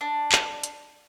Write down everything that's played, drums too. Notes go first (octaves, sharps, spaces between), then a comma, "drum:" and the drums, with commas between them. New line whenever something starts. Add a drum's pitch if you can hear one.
D4
drum: clap
drum: hi-hat